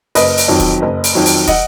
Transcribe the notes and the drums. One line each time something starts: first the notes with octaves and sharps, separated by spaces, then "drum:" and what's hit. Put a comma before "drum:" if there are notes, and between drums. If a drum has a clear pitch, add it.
F#1 B4 D#5, drum: open hi-hat
drum: open hi-hat
F2 D#3 F#3
drum: kick, hi-hat
F#1
drum: open hi-hat
F2 D#3 F#3
drum: open hi-hat
D#5 F#5, drum: kick, hi-hat